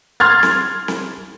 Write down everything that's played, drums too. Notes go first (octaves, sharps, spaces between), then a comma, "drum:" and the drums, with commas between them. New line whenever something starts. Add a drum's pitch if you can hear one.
C6 F6 G#6 A6
drum: snare C4
drum: snare C4